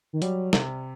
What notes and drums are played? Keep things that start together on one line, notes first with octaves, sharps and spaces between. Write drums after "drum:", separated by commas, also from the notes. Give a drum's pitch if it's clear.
D#3
F#3 G3, drum: hi-hat
C3, drum: snare